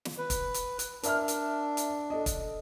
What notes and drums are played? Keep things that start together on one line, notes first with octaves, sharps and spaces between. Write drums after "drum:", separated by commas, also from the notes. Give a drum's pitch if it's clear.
drum: snare
B4
drum: kick, hi-hat
drum: hi-hat
drum: hi-hat
D4 A#4 E5 F6, drum: hi-hat
drum: hi-hat
drum: hi-hat
A4 D#5
drum: kick, hi-hat